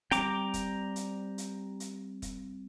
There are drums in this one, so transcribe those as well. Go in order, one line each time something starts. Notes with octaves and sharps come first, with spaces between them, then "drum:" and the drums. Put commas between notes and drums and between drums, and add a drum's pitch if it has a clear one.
G3 C4 G5 A#5 D6, drum: hi-hat
drum: kick, hi-hat
drum: hi-hat
drum: hi-hat
drum: hi-hat
drum: kick, hi-hat